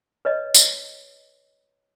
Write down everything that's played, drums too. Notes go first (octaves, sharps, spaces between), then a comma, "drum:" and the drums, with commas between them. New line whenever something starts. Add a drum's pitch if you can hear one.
B4 C#5 D#5
drum: tambourine